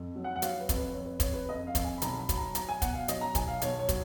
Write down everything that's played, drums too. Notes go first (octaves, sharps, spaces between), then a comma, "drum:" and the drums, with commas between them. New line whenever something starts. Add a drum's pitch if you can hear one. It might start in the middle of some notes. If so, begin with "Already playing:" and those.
Already playing: F2
F#3
F#5
F#5
F#3 F5, drum: hi-hat
B4
F2, drum: kick, hi-hat
B4
F2 C#5
B4
F2 C#5, drum: kick, hi-hat
B4
F2 D#5
F5
F2, drum: kick, hi-hat
G#5
B5
B1 A#5, drum: hi-hat
B5
F#3, drum: kick, hi-hat
A#5
F#3 A#5, drum: hi-hat
G#5
B2 F#5, drum: kick, hi-hat
F5
F#3 D#5, drum: hi-hat
A#5
B1 G#5, drum: kick, hi-hat
F5
B1 C#5, drum: hi-hat
C#5
F#3, drum: kick, hi-hat